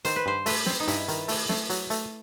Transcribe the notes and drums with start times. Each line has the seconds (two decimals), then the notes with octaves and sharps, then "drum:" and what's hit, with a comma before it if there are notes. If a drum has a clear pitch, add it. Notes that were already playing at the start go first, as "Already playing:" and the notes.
0.05 D#3 C5, drum: hi-hat
0.16 B4
0.26 G2 C5
0.46 A3 B4, drum: open hi-hat
0.66 C4, drum: snare
0.80 D#4
0.88 G2 E4, drum: hi-hat
1.08 D#3, drum: hi-hat
1.28 A3, drum: open hi-hat
1.49 A3, drum: snare
1.70 F#3, drum: hi-hat
1.90 A3, drum: hi-hat